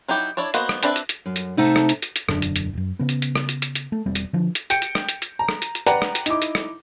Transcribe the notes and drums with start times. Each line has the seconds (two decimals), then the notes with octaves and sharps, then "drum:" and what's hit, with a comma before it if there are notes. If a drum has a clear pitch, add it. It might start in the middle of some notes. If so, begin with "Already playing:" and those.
0.08 F#3 D#4 E4 G4
0.37 D4 E4 C#5 D5
0.54 A#3 B3 F#4 C5 D#5, drum: hi-hat
0.69 drum: rim click
0.83 C4 D4 B4 D5 E5, drum: hi-hat
0.96 drum: hi-hat
1.09 drum: hi-hat
1.26 F#2
1.36 drum: hi-hat
1.57 C3 A3 D#4 E5 F#5 A5
1.76 drum: rim click
1.89 drum: hi-hat
2.02 drum: hi-hat
2.16 drum: hi-hat
2.29 E1 F#2 D3 D4, drum: rim click
2.42 drum: hi-hat
2.56 drum: hi-hat
2.73 D1 F#2
2.99 C#3 B3
3.09 drum: hi-hat
3.22 drum: hi-hat
3.36 drum: rim click
3.49 drum: hi-hat
3.62 drum: hi-hat
3.75 drum: hi-hat
3.92 A3
4.06 E1 G3 C4
4.15 drum: hi-hat
4.33 D3 F3
4.55 drum: hi-hat
4.70 G5 G6 C#7 D7, drum: hi-hat
4.82 drum: hi-hat
4.95 drum: rim click
5.09 drum: hi-hat
5.22 drum: hi-hat
5.39 A#5
5.48 drum: rim click
5.62 drum: hi-hat
5.75 drum: hi-hat
5.86 B4 D5 F#5 G5 A#5, drum: hi-hat
6.02 drum: rim click
6.15 drum: hi-hat
6.26 D#4 E4 D6, drum: hi-hat
6.42 drum: hi-hat
6.55 drum: rim click